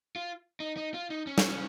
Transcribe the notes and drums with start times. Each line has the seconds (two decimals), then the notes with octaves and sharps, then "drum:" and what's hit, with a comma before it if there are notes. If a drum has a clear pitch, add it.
0.16 F4
0.60 D#4
0.77 D#4
0.94 F4
1.10 D#4
1.27 C#4
1.38 drum: snare